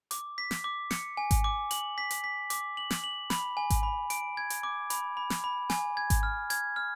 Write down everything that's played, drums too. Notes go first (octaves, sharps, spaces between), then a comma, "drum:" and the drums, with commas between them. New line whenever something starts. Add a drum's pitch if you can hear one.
D6, drum: hi-hat
B6
drum: snare
D6
C#7, drum: snare
G#5
drum: kick G#1, hi-hat
D6
F#7, drum: hi-hat
B6
drum: hi-hat
B6
D6, drum: hi-hat
F#7
drum: snare
F#7
B5, drum: snare
G#5
drum: kick G#1, hi-hat
B5
D7, drum: hi-hat
G#6
drum: hi-hat
D6
B5, drum: hi-hat
B5
drum: snare
B5
G#5, drum: snare
G#6
drum: kick G#1, hi-hat
F6
G#6, drum: hi-hat
F6